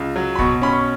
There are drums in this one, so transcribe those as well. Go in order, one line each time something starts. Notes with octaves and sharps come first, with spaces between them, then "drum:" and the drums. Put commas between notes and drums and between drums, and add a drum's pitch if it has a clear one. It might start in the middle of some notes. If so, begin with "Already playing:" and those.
Already playing: C#2
F#3
B5
B2 C#6, drum: kick C2
C#4 B5
C#6